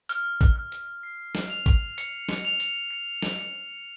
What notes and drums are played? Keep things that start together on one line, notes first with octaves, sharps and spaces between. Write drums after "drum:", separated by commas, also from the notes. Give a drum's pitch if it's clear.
F6, drum: hi-hat
drum: kick
F6
drum: hi-hat
C7
drum: snare
F7
drum: kick
C#7, drum: hi-hat
drum: snare
F7
drum: hi-hat
C#7
drum: snare
C#7